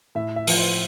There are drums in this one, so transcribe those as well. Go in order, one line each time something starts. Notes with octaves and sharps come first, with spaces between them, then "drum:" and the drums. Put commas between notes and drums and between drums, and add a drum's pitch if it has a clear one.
A2 E5
E5
F3, drum: open hi-hat
C5